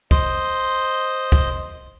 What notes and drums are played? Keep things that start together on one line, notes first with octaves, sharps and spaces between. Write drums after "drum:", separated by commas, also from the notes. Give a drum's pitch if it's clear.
C5 D#5, drum: kick
drum: kick